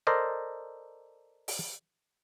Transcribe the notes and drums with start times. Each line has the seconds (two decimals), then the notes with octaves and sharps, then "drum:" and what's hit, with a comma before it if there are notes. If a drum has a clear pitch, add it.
0.07 A4 A#4 C5 D5 D#5
1.48 drum: open hi-hat